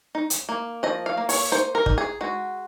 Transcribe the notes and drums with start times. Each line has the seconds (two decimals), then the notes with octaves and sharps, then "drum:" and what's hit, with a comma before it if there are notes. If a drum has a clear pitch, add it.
0.15 D#4
0.30 drum: hi-hat
0.49 A#3
0.83 F3 D#5
1.06 F5
1.17 A#3
1.29 C#5, drum: open hi-hat
1.52 D#4 C5
1.75 A#4
1.86 D#4, drum: kick
1.98 G#4
2.21 G#3 F#4